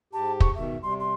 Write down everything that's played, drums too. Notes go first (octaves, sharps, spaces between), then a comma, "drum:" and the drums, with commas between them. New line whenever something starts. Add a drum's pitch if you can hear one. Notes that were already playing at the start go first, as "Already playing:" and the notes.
G#2 G4 A5
C#6, drum: kick
B2 D#3 E5
C3 G3 C6
C6